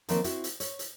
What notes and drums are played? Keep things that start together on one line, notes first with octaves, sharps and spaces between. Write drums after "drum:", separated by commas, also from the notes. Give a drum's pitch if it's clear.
D#3 F3 A3 A#3 C4 C#5, drum: hi-hat
C4 E4 F#4, drum: hi-hat
drum: hi-hat
C#5, drum: hi-hat
drum: hi-hat